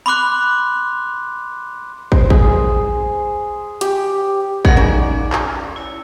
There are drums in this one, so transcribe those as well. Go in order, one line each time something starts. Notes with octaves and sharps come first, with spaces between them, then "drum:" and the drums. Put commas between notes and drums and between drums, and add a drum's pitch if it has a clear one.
B5 C6 D6 F#6
C5, drum: kick
G#4, drum: kick
G4, drum: hi-hat
G#4 A#4 C#5 F5 F#5 B5, drum: kick
C#4 D#4 D5 D6
drum: clap
E4 C#5